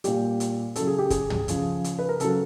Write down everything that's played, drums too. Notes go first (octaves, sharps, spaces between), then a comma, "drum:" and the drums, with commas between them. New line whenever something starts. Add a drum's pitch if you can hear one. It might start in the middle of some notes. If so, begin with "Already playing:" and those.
A#2 G3 G4, drum: hi-hat
drum: hi-hat
C#3 F#3 A4, drum: hi-hat
G#4
G4
G#4, drum: kick, hi-hat
drum: tom
C#3 F3, drum: hi-hat
drum: hi-hat
B4
A#4
C#3 F#3 A4, drum: hi-hat